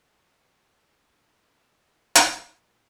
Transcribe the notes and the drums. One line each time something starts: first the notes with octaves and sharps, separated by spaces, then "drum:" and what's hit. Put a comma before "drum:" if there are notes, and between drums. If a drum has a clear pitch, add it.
F#3
C#3
D3
E5
D#3
drum: hi-hat
A#2